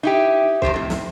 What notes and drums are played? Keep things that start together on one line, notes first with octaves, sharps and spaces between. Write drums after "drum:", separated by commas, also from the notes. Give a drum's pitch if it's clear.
D#4 E4 G4
E2 C3 G4 C5, drum: kick
F2 A2
drum: snare